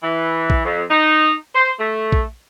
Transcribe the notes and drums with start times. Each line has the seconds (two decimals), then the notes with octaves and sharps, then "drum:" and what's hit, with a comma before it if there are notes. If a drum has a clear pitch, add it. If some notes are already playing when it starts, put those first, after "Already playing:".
0.03 E3
0.50 drum: kick A#1
0.65 F2
0.90 D#4
1.55 C5
1.79 A3
2.12 drum: kick A#1